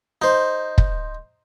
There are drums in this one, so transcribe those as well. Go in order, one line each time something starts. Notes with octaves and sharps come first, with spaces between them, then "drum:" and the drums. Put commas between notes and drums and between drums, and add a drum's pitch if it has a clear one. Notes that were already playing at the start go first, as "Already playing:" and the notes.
D#4 C5
drum: kick